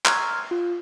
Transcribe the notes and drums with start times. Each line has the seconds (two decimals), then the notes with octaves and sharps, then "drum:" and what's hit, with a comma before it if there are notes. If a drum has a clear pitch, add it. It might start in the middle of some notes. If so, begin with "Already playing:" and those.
0.05 A#5 C6 C#6 E6 F6 G#6, drum: clap
0.51 F4